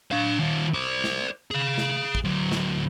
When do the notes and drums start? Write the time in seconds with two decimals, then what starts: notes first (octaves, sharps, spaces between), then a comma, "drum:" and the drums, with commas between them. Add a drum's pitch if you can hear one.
0.12 D4 F5
0.39 D#3 F4
0.74 C5 D5
1.04 drum: snare
1.51 G#4 F5
1.78 drum: snare
2.15 drum: kick A1
2.24 D2 F#3
2.52 drum: snare